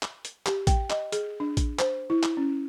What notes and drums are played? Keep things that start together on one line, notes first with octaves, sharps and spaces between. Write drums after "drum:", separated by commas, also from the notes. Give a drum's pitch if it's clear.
drum: clap
drum: hi-hat
G4, drum: clap
G5, drum: kick A1, hi-hat
D#5, drum: clap
G#4, drum: hi-hat
D4
drum: kick A1, hi-hat
C5, drum: clap
E4
drum: clap
C#4